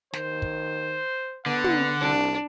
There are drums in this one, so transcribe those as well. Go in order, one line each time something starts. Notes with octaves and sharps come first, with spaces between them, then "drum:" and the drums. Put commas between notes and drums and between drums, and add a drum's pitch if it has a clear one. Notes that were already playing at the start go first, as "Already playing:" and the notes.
D#3 C5, drum: snare
drum: kick
D3 B3 F#5
drum: tom
C2 D4